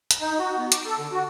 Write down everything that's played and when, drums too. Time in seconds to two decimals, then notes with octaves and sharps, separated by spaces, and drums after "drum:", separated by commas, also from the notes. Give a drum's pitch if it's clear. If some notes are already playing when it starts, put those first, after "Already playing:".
0.11 drum: hi-hat
0.21 D#4
0.39 F#4
0.58 B3
0.72 D6, drum: hi-hat
0.86 A4
0.98 D3
1.12 F#4